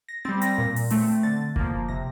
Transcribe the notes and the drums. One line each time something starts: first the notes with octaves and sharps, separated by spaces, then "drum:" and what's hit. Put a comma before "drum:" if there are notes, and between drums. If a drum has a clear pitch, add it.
A#6
G3 C4 A6
A#6, drum: hi-hat
A#2
drum: open hi-hat
A3 C4, drum: open hi-hat
D3 A6
F3 A#3, drum: kick F#1
C3 A#6